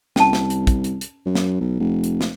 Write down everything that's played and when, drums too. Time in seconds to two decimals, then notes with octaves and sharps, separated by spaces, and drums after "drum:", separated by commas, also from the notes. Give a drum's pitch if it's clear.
0.16 C2 C#4 A5, drum: snare
0.33 drum: snare
0.50 drum: hi-hat
0.67 drum: kick, hi-hat
0.84 drum: hi-hat
1.01 drum: hi-hat
1.26 F#2
1.35 drum: snare
1.61 B1
1.80 F1
2.04 drum: hi-hat
2.21 drum: snare